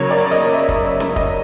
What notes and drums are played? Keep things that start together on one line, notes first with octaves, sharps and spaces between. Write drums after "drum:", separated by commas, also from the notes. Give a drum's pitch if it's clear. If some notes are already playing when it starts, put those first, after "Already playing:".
Already playing: C#3 F#3 A#3 C#5
D5
D#5
E5
drum: kick
drum: snare C#4
D#5, drum: kick